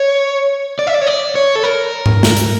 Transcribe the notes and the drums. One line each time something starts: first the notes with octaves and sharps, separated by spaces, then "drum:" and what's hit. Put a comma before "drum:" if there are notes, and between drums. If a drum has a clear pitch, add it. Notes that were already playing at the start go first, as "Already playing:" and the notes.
Already playing: C#5
D5
E5
D5
C#5
D5
C#5
A4
A#4
drum: tom G#2
drum: snare
drum: hi-hat